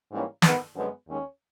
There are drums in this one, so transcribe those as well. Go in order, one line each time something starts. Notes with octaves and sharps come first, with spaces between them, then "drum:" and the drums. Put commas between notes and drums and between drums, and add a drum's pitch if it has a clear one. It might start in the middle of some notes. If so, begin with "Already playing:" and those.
G#2 E3 G3 A#3 C#4
G#2 D#3 G#3 B3, drum: snare
F#2 D3 F3 G#3 B3
D#2 D#3 G#3 C#4